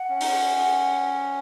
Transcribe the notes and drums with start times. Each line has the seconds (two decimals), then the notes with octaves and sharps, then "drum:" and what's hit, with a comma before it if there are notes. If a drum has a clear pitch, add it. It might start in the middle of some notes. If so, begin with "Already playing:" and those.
Already playing: F#5
0.09 C#4
0.20 D#4, drum: open hi-hat
0.28 C#4